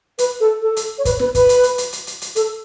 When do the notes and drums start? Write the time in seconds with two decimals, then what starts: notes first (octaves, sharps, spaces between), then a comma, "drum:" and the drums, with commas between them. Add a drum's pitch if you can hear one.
0.18 B4, drum: hi-hat
0.40 A4
0.62 A4
0.76 drum: hi-hat
0.98 C#5
1.05 B4, drum: kick, hi-hat
1.19 B4, drum: snare
1.35 B4, drum: kick, hi-hat
1.49 drum: hi-hat
1.64 drum: hi-hat
1.78 drum: hi-hat
1.93 drum: hi-hat
2.07 drum: hi-hat
2.22 drum: hi-hat
2.36 A4, drum: hi-hat